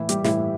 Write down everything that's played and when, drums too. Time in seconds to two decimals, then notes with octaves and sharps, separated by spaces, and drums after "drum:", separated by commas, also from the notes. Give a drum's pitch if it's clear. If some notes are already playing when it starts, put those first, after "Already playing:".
Already playing: A2 E3 E4
0.09 G3 G4, drum: hi-hat
0.24 A2 E3 E4, drum: snare